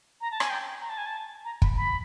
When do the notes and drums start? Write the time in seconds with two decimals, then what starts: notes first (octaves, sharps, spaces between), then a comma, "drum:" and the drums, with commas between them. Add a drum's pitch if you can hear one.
0.21 A#5
0.31 A5
0.40 G#5, drum: rim click
0.50 G5
0.82 A#5
0.89 A5
0.98 G#5
1.06 A5
1.45 A#5
1.62 B5, drum: kick
1.77 B5